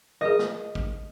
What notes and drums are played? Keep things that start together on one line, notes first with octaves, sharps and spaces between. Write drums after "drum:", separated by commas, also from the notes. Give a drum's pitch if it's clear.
G#4 A#4 D#5
drum: snare
drum: kick